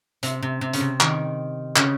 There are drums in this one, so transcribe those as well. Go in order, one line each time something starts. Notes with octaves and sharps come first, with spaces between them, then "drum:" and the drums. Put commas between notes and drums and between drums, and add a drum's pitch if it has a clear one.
C3, drum: hi-hat
C3
C3
C#3, drum: hi-hat
C3
D#3, drum: clap
C#3, drum: clap